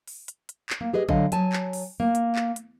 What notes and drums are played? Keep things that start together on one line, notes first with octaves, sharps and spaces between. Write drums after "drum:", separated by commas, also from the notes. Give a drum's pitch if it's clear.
drum: open hi-hat
drum: hi-hat
drum: hi-hat
drum: clap
A#3
G4 G#4 B4 D#5
D3 F#3 D#5 F5 G#5, drum: kick A1
F#3 G#5 A5, drum: hi-hat
drum: clap
drum: open hi-hat
A#3
drum: hi-hat
drum: clap
drum: hi-hat